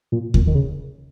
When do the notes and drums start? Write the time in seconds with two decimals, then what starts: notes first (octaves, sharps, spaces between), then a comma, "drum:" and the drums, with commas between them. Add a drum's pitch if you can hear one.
0.12 A#2
0.34 A#2, drum: kick D#2
0.47 D#3
0.55 C#3